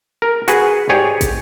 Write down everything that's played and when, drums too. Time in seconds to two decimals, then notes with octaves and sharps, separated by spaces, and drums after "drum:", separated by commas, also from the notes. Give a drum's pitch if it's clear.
0.22 A#4
0.48 F#4 G#4 B4, drum: hi-hat
0.89 G#2 G4 G#4 C#5 D5 G#5
1.21 drum: kick, hi-hat